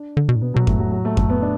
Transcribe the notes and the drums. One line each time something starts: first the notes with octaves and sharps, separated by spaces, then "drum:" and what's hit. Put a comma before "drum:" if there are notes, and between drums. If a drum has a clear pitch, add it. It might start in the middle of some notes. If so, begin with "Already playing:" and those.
Already playing: D4
D3
B2
A2
B2 B3
B2 F#3
A2 A3, drum: kick F2
F#3
F#3
A3
A3, drum: kick F2
B3
D4